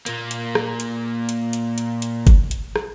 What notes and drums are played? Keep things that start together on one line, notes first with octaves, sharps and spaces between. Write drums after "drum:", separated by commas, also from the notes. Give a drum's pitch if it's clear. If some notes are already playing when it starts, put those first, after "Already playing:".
A#2 A#3, drum: hi-hat
drum: hi-hat
drum: rim click
drum: hi-hat
drum: hi-hat
drum: hi-hat
drum: hi-hat
drum: hi-hat
drum: kick F#1, hi-hat
drum: hi-hat
drum: rim click